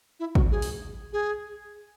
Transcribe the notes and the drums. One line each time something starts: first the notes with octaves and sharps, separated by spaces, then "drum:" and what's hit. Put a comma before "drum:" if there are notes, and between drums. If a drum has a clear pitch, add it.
E4
F#4, drum: kick
G#4
drum: open hi-hat
G#4